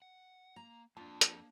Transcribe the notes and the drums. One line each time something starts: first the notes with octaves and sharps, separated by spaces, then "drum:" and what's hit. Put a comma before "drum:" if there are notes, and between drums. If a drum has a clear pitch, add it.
F#5
A#3 A#5
F2 A#3 D4 F4 A5
drum: hi-hat